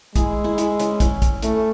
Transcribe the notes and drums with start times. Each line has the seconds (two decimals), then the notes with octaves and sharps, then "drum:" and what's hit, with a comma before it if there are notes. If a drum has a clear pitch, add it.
0.16 G#3 E4 G#4, drum: kick, hi-hat
0.44 E4 G#4
0.58 E4 G#4, drum: hi-hat
0.80 C#4 E4, drum: hi-hat
1.00 C#4 E4, drum: kick, hi-hat
1.22 drum: kick, hi-hat
1.43 A3 C#4 E4, drum: hi-hat